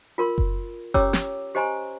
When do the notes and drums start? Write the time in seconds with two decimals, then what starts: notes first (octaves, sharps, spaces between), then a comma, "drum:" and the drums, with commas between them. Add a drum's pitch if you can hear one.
0.18 F4 A#4 C6
0.38 drum: kick F#1
0.94 C#4 G4 C#5 A#5 D6 E6, drum: kick F#1
1.13 drum: snare
1.55 G4 C5 D#5 G#5 A#5 C6